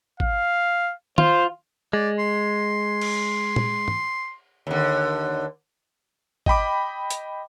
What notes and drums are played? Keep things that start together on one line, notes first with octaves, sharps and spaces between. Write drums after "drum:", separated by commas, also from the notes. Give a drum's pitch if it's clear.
F5, drum: kick
F4 C5, drum: tom
G#3 D5
C6
drum: cymbal
drum: tom
drum: tom
D#2 D3
D#5 G5 B5 D6, drum: kick
drum: hi-hat